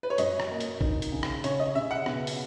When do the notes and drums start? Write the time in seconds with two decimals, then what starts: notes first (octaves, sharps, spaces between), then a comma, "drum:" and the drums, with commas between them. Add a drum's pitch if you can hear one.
0.03 B4
0.10 C#5
0.18 F#2 D#5, drum: hi-hat
0.40 drum: rim click
0.50 A#3
0.60 drum: hi-hat
0.81 D#4, drum: kick
1.02 drum: hi-hat
1.12 C#3
1.23 drum: rim click
1.44 C#3 C#5, drum: hi-hat
1.60 D#5
1.75 C#3 E5
1.91 F#5
2.06 B2, drum: rim click
2.27 drum: open hi-hat